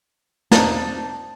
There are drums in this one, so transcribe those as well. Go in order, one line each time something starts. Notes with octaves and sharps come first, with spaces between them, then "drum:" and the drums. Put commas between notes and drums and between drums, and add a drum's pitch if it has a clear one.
C4 D4 D#4 A5, drum: snare